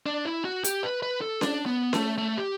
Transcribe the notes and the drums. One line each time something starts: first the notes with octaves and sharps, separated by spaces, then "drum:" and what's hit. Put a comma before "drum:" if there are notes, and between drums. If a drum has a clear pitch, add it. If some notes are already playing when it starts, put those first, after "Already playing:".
D4
E4
F#4
G4, drum: hi-hat
B4
B4
A4
D4, drum: snare C#4
B3
A3, drum: snare C#4
A3
G4